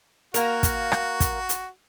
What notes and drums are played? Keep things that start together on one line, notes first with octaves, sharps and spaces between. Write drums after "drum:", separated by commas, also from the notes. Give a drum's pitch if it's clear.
A#3 F#4 A#4, drum: hi-hat
drum: kick, hi-hat
drum: rim click
drum: kick, hi-hat
drum: hi-hat